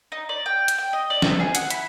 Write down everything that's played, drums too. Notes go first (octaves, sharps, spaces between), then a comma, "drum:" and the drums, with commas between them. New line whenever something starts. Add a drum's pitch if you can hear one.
D#4
D5
G5
drum: hi-hat
G5
D#5
D5
A3, drum: snare
G#4
F#5, drum: hi-hat
E4, drum: hi-hat